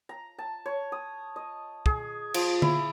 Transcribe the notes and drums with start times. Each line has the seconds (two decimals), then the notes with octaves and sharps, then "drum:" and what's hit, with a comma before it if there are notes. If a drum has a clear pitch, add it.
0.09 A#5
0.38 A5
0.66 C#5
0.92 D#6
1.36 D#5
1.86 G#4, drum: kick
2.34 F3, drum: cymbal
2.62 E4, drum: tom D3